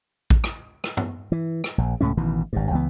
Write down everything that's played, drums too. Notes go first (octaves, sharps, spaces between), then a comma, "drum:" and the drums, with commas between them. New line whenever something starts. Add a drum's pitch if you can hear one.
drum: kick A1
drum: rim click
drum: rim click
drum: tom G2
E3
drum: rim click
A#1
C#2 A2 A3 C#4
A1 B2 D#3 E3
G#1 G2
C#2 E3 B3